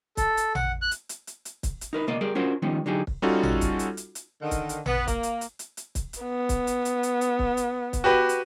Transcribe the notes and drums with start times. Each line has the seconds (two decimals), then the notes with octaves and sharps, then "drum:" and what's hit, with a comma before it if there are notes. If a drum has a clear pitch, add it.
0.17 A4, drum: kick, hi-hat
0.37 drum: hi-hat
0.55 F#5, drum: tom A1
0.82 F#6
0.91 drum: hi-hat
1.09 drum: hi-hat
1.27 drum: hi-hat
1.45 drum: hi-hat
1.63 drum: kick, hi-hat
1.81 drum: hi-hat
1.93 D#4 A#4 B4
2.07 C#2 B2 A#3 D5 D#5
2.21 G3 G#4 A#4 D5
2.35 C#4 D4 F4 F#4 A#4 C5
2.62 D#3 F3 G3 B3 C#4 D#4
2.86 D3 F#3 D#4 G4 G#4
3.07 drum: kick
3.22 G3 C#4 D#4 F4 F#4 A4
3.43 drum: tom A1
3.61 drum: kick, hi-hat
3.79 drum: hi-hat
3.97 drum: hi-hat
4.15 drum: hi-hat
4.41 D3 D#3
4.51 drum: kick, hi-hat
4.69 drum: hi-hat
4.86 B3, drum: tom A1
5.08 A#3, drum: kick, hi-hat
5.23 drum: hi-hat
5.41 drum: hi-hat
5.59 drum: hi-hat
5.77 drum: hi-hat
5.95 drum: kick, hi-hat
6.13 drum: hi-hat
6.22 B3
6.49 drum: kick, hi-hat
6.67 drum: hi-hat
6.85 drum: hi-hat
7.03 drum: hi-hat
7.21 drum: hi-hat
7.39 drum: kick
7.57 drum: hi-hat
7.93 drum: kick, hi-hat
8.04 F#4 G4 B4
8.29 drum: hi-hat